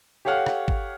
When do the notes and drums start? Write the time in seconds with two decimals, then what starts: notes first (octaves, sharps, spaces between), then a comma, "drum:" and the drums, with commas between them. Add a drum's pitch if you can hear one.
0.25 G4 A4 C#5 F5 F#5 F6
0.46 drum: rim click
0.68 drum: kick